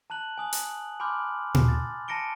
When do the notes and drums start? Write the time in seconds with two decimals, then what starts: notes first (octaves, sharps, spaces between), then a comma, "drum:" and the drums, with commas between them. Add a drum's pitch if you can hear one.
0.10 A5 A#5 F#6 F#7
0.38 G#5 D#6 F#7
0.53 drum: hi-hat
1.00 G#5 B5 C6 D6 F6 G6
1.55 drum: tom A#2
1.68 A6
2.08 A5 A#5 A#6 C#7 D7 G7